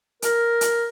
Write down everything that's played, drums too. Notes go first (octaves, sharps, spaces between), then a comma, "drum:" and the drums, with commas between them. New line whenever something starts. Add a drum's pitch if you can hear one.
A#4, drum: hi-hat
drum: hi-hat